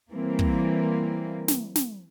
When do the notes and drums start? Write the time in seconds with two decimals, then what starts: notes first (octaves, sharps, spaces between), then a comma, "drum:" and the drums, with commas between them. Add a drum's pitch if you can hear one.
0.11 E3 G3 A#3 C4
0.39 drum: kick
1.48 drum: snare
1.75 drum: snare